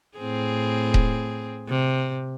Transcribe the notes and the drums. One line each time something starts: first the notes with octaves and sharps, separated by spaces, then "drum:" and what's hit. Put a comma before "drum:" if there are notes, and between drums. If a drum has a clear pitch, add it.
A2 C4 G#4
drum: kick D#1
C3